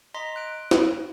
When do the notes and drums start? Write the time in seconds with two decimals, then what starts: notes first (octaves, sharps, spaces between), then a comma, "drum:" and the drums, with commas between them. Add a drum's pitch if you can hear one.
0.14 D#5 A#5 C6 B6
0.36 F#6 D7
0.71 drum: snare